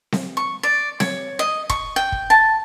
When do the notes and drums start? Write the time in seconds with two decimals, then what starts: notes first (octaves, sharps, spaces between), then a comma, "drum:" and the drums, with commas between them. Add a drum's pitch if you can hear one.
0.12 drum: snare C4
0.37 C#6
0.63 D5
1.00 C#5, drum: snare C4
1.39 D#5
1.70 C#6, drum: kick
1.96 G5
2.12 drum: kick
2.30 A5